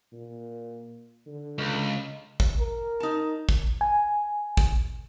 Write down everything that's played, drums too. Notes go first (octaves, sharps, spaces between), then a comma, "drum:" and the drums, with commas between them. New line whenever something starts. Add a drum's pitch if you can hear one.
A#2
D3
C#2
drum: kick
A#4
D#4 A5
drum: kick
G#5
drum: kick